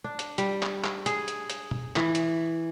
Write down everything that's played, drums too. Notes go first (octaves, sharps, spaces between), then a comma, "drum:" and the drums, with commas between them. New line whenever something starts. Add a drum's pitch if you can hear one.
D4
drum: hi-hat
G3, drum: hi-hat
drum: clap
drum: clap
G#4, drum: hi-hat
drum: hi-hat
drum: hi-hat
drum: tom B2
E3, drum: clap
drum: hi-hat